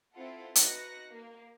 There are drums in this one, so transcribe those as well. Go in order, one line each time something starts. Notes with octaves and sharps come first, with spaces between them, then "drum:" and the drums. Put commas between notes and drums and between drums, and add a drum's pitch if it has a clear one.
C4 E4 F4 A4 F#5
D#4 F#4 B4 F#6 A#6 C#7, drum: hi-hat
A#3